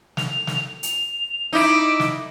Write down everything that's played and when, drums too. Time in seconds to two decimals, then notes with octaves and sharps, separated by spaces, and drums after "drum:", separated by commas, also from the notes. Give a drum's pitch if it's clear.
0.17 F7, drum: snare
0.47 drum: snare
0.83 F7, drum: hi-hat
1.53 D#4 E4 D6
2.00 drum: snare